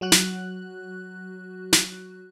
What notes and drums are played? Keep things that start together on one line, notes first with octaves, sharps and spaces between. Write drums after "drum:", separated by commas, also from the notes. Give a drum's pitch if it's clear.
F#3 F#4 F#6
drum: snare
drum: snare